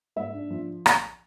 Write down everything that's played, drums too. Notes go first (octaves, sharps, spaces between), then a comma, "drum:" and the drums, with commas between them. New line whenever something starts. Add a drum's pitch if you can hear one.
G#2 E5
D4
F3
drum: rim click